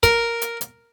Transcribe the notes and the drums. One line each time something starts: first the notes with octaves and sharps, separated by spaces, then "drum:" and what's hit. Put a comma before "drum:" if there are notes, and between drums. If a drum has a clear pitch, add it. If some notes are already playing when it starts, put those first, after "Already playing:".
A#4, drum: kick, hi-hat
drum: hi-hat
drum: hi-hat